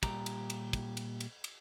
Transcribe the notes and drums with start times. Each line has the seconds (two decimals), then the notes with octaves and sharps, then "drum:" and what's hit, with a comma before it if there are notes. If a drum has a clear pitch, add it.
0.03 A#2 G3 G4 A#5, drum: kick, cymbal
0.26 drum: cymbal
0.50 drum: cymbal
0.73 drum: kick, cymbal
0.97 drum: cymbal
1.20 drum: cymbal
1.44 drum: cymbal